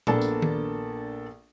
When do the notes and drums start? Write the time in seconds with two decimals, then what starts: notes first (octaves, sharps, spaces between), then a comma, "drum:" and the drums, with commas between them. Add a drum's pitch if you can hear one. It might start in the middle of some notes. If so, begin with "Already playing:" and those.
0.07 A#1 A#3 B3 D4 A4 A5, drum: tom A#2
0.21 drum: tambourine
0.42 drum: tom D#3